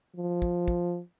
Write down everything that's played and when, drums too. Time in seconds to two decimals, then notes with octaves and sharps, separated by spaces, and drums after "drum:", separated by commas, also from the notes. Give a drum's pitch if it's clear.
0.16 F3
0.42 drum: kick
0.68 drum: kick